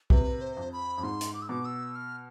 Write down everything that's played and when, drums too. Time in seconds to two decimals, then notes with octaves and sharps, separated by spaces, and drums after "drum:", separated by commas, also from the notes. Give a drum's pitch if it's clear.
0.10 C3 B4, drum: kick
0.41 C5
0.57 F2
0.73 B5
0.98 F2
1.03 G#2 C6
1.21 drum: hi-hat
1.34 D6
1.42 E6
1.49 B2 D6
1.65 E6
1.96 F6